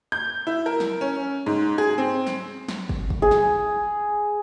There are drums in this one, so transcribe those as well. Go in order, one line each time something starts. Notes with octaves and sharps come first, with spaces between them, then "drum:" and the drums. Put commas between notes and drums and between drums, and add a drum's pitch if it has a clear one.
G6
E4
A#4
drum: snare
C#4
G#2
G#4
C4
drum: snare
drum: snare
drum: kick
drum: kick
G#4
drum: snare